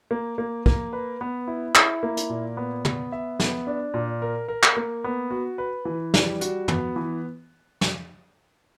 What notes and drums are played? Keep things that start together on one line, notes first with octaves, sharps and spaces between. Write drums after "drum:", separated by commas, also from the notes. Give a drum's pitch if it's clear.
A#3
A#3
A#3, drum: kick
B4
B3
E4
E4, drum: clap
A#3
drum: hi-hat
A#2
B3
B3, drum: tom
E5
B3, drum: snare
D4
A#2
A#4
A#4
drum: clap
A#3
B3
F#4
B4
E3
G3, drum: snare
F#4, drum: hi-hat
B3, drum: tom
E3
drum: snare